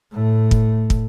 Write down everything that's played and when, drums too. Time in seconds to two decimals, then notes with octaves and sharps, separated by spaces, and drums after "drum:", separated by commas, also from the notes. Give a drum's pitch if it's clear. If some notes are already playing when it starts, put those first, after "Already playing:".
0.12 A2 A3
0.51 drum: kick
0.90 drum: kick